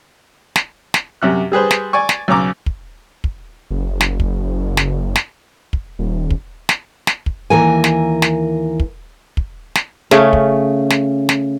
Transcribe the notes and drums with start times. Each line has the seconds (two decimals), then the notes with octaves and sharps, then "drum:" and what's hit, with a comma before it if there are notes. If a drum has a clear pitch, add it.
0.56 drum: snare
0.94 drum: snare
1.22 F#2 C3 F#6
1.52 G3 G#4 B4 C5
1.71 drum: snare
1.93 D5 G#5 C#6
2.09 drum: snare
2.28 B1 C#3 A#5 D6
2.66 drum: kick
3.24 drum: kick
3.70 F#1
4.01 drum: snare
4.20 drum: kick
4.77 drum: snare
5.15 drum: snare
5.73 drum: kick
5.99 D#1
6.30 drum: kick
6.69 drum: snare
7.07 drum: snare
7.26 drum: kick
7.50 D#2 E3 A#4 G#5
7.84 drum: snare
8.22 drum: snare
8.80 drum: kick
9.37 drum: kick
9.75 drum: snare
10.11 C#3 A3 C#4, drum: snare
10.33 drum: kick
10.90 drum: snare
11.29 drum: snare